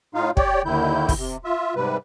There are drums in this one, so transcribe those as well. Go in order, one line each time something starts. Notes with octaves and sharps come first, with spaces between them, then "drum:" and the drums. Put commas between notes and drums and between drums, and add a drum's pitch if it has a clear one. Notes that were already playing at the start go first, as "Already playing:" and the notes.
A2 D#4 F4 F5
G4 C#5 D5 G5, drum: kick
D#2 D3 D#3 E4 G6
drum: kick, open hi-hat
C3
F4 E5
G#2 C3 G3 B4